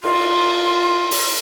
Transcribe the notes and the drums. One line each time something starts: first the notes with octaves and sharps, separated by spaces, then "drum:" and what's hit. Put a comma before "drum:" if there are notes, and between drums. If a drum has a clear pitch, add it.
F4 C6, drum: cymbal
drum: open hi-hat